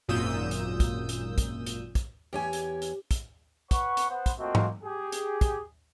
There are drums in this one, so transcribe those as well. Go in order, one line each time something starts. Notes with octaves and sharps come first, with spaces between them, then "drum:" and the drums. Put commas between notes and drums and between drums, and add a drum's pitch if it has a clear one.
G#1 F#2 A#2 D#6 E6 G6
drum: hi-hat
drum: kick, hi-hat
drum: hi-hat
drum: kick, hi-hat
drum: hi-hat
drum: kick, hi-hat
E2 G4 C#5 G#5
drum: hi-hat
drum: hi-hat
drum: kick, hi-hat
B4 C#5 F#5 C#6, drum: kick, hi-hat
drum: hi-hat
B3 C5 F#5
drum: kick, hi-hat
A3 A#3 C4 F4 F#4 D#5
drum: tom G#2
G4 G#4
drum: hi-hat
drum: kick, hi-hat